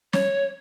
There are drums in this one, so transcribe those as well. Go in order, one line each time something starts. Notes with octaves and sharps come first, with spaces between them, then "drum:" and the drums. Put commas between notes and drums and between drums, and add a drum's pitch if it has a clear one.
C#5, drum: snare